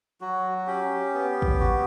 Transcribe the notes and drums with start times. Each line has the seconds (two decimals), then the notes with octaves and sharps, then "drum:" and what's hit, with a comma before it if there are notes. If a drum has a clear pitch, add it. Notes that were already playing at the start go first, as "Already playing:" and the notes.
0.21 F#3 F#4
0.58 F#4
0.67 C#4 G4
1.14 B3
1.42 drum: kick
1.60 F#4